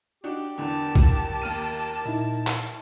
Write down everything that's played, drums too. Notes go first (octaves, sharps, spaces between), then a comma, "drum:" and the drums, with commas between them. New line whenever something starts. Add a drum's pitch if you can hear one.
D4 D#4 F#4 G4
E2 D3 D4 A#4 A5
drum: kick
D#2 F6 D#7
A#2 D#4 E4
drum: clap